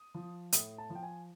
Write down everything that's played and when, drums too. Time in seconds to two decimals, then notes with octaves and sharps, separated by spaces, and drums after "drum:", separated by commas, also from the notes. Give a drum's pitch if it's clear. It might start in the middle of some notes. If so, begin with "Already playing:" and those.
Already playing: D#6
0.15 F3
0.52 A2 D#6, drum: hi-hat
0.78 A5
0.90 F3
0.95 G5
1.03 G#5